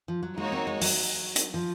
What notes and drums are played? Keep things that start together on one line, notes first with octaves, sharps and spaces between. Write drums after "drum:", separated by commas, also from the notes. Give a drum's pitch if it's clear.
F3
F#3
G#3 A#3 D#4 F#4 C#5
C4
G#3
F#3, drum: open hi-hat
drum: hi-hat
F3